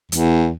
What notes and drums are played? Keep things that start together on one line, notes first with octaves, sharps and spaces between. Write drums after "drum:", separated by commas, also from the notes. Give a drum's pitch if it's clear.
E2, drum: hi-hat